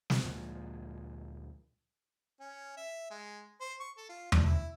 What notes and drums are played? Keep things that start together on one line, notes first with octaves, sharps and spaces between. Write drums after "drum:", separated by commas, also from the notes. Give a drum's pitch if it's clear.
drum: snare
D2 A#2 F3 G#3
C#4
E5
G#3
C5
C#6
A4
F4
D4, drum: tom E2
E4